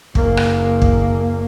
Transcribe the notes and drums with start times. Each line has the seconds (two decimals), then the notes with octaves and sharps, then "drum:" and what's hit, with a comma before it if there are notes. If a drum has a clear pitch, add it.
0.15 F#1 A#3, drum: kick
0.37 drum: rim click
0.82 drum: kick